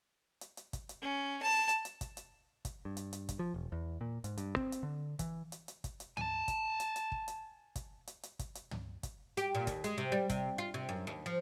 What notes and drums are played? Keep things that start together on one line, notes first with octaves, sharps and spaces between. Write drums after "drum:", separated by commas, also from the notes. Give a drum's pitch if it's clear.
drum: hi-hat
drum: hi-hat
drum: kick, hi-hat
drum: hi-hat
C#4
A5
drum: hi-hat
drum: hi-hat
drum: kick, hi-hat
drum: hi-hat
drum: kick, hi-hat
G2
drum: hi-hat
drum: hi-hat
drum: kick, hi-hat
F3
E1
E2
A#2
G#2, drum: hi-hat
G2, drum: hi-hat
C4, drum: kick
drum: hi-hat
D3
E3, drum: kick, hi-hat
drum: hi-hat
drum: hi-hat
drum: kick, hi-hat
drum: hi-hat
G#5 A5, drum: tom
drum: kick, hi-hat
drum: hi-hat
drum: hi-hat
drum: kick
drum: hi-hat
drum: kick, hi-hat
drum: hi-hat
drum: hi-hat
drum: kick, hi-hat
drum: hi-hat
drum: tom
drum: kick, hi-hat
G4, drum: hi-hat
A#2
D#2, drum: kick, hi-hat
G#3, drum: hi-hat
C3
G3
C3, drum: kick, hi-hat
F4
C3
F#2
D#2
F3